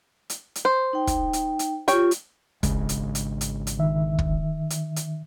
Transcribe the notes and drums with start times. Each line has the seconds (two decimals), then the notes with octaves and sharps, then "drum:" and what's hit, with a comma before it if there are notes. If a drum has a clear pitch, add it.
0.30 drum: hi-hat
0.55 drum: hi-hat
0.65 C5
0.93 D#4 G5
1.07 drum: kick, hi-hat
1.33 drum: hi-hat
1.59 drum: hi-hat
1.88 F4 G4 C#5 G5, drum: hi-hat
2.11 drum: hi-hat
2.63 G#1 C#3 G#3, drum: kick, hi-hat
2.89 drum: hi-hat
3.15 drum: hi-hat
3.41 drum: hi-hat
3.67 drum: hi-hat
3.79 D#3 E5
4.19 drum: kick
4.70 drum: hi-hat
4.96 drum: hi-hat